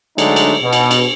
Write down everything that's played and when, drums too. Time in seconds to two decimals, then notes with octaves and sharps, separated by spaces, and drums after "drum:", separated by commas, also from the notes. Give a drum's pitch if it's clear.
0.18 D3 F#3 G#3 A3 D4 D#4, drum: cymbal
0.36 drum: cymbal
0.63 B2
0.73 drum: cymbal
0.91 drum: cymbal